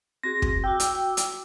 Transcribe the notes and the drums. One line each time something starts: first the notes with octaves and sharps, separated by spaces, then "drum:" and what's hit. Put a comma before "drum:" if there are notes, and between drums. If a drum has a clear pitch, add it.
C4 F#4 G#4 A#6
drum: kick
F#4 G5 D6 E6
drum: hi-hat
drum: hi-hat